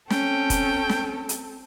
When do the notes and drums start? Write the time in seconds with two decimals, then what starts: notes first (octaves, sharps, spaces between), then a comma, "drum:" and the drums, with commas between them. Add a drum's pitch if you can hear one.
0.10 C4 C#4 A4 G5, drum: snare
0.50 drum: kick, hi-hat
0.89 drum: snare
1.29 drum: hi-hat